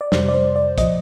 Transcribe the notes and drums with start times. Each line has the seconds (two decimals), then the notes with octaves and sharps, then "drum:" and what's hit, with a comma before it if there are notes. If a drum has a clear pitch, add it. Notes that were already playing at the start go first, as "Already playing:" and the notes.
0.01 D5
0.12 F2 C3 G3 C5, drum: snare
0.28 D5
0.34 C5
0.56 D5
0.78 A#2 F3 D#5, drum: kick, hi-hat